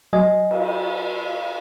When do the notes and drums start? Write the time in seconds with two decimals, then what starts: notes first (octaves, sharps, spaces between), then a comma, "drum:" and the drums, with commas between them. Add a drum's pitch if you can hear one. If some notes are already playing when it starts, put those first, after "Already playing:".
0.13 F#3 D#5 G#5
0.51 drum: cymbal